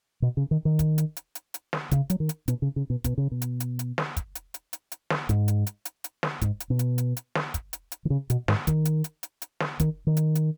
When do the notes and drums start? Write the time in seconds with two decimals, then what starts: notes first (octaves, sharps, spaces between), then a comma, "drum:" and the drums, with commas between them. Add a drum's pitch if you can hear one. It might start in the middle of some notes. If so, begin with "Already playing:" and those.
0.22 B2
0.37 C#3
0.51 D#3
0.65 D#3
0.79 drum: kick, hi-hat
0.98 drum: hi-hat
1.17 drum: hi-hat
1.35 drum: hi-hat
1.54 drum: hi-hat
1.73 drum: snare
1.91 C#3, drum: kick, hi-hat
2.10 F#3, drum: hi-hat
2.20 D#3
2.29 drum: hi-hat
2.48 B2, drum: hi-hat
2.62 C#3
2.76 C#3
2.90 B2
3.04 B2, drum: kick, hi-hat
3.18 C#3
3.31 B2
3.42 drum: hi-hat
3.60 drum: hi-hat
3.79 drum: hi-hat
3.98 drum: snare
4.17 drum: kick, hi-hat
4.35 drum: hi-hat
4.54 drum: hi-hat
4.73 drum: hi-hat
4.92 drum: hi-hat
5.10 drum: snare
5.29 G#2, drum: kick, hi-hat
5.48 drum: hi-hat
5.67 drum: hi-hat
5.85 drum: hi-hat
6.04 drum: hi-hat
6.23 drum: snare
6.41 G#2, drum: kick, hi-hat
6.60 drum: hi-hat
6.70 B2
6.79 drum: hi-hat
6.98 drum: hi-hat
7.17 drum: hi-hat
7.35 drum: snare
7.54 drum: kick, hi-hat
7.73 drum: hi-hat
7.92 drum: hi-hat
8.05 D#3
8.10 C#3
8.30 B2, drum: hi-hat
8.48 G#2, drum: snare
8.67 D#3, drum: kick, hi-hat
8.85 drum: hi-hat
9.04 drum: hi-hat
9.23 drum: hi-hat
9.42 drum: hi-hat
9.60 drum: snare
9.80 D#3, drum: kick, hi-hat
10.07 D#3
10.17 drum: hi-hat
10.35 drum: hi-hat